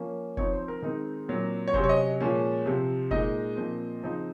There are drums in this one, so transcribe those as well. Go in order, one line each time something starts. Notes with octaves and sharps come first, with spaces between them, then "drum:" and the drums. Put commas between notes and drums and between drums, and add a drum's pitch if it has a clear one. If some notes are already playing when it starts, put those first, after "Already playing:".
Already playing: F3 A#3 C#4
F3 C4 D#4 C#5, drum: kick F1
C5
A#4
D#3 G#3 C4 D#4 A#4
A#2 F#3 C4
C#5
C3 F#3 C#4 C5, drum: kick F1
C#5
D#5
A#2 F3 G#3 C#4
C3 F3 C4
A#2 G#3 D#4 D#5, drum: kick F1
A#2 F3 C4
C#3 F3 C4 D#4